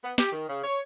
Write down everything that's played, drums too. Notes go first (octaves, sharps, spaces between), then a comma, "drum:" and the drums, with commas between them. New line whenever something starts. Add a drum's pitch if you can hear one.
B3
G4, drum: snare
D#3
C#3
C#5